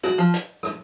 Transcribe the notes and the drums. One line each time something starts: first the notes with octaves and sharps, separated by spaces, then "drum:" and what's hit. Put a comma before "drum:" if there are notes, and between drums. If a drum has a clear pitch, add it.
F#4, drum: rim click
F3
drum: hi-hat
drum: rim click